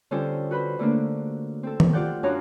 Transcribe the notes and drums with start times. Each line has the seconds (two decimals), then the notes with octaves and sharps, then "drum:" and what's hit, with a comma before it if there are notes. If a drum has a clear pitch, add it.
0.11 D3 G3 C#4 F4 A4 C5
0.51 F#4 B4 C5 B5
0.79 D3 A3 A#3 D4
1.63 C4 A4
1.80 drum: tom D#3
1.93 F4 G4 D5 F#5 G6
2.23 F#2 D4 C#5 F5 A#5 F#6